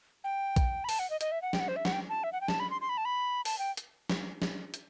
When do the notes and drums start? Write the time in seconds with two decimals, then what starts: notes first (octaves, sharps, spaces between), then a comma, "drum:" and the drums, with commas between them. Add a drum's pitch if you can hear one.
0.24 G5
0.56 drum: kick A#1, hi-hat
0.84 B5
0.89 A5, drum: open hi-hat
0.99 F#5
1.10 D#5
1.21 D#5, drum: hi-hat
1.32 E5
1.42 F#5
1.53 G5, drum: snare
1.60 F#5
1.68 C5
1.76 E5
1.85 F#5, drum: snare
1.93 G5
2.09 A5
2.24 E5
2.33 F#5
2.41 G5
2.48 A5, drum: snare
2.60 B5
2.70 C6
2.81 C6
2.89 B5
2.98 A5
3.05 B5
3.45 A5, drum: open hi-hat
3.59 G5
3.77 drum: hi-hat
4.10 drum: snare
4.42 drum: snare
4.74 drum: hi-hat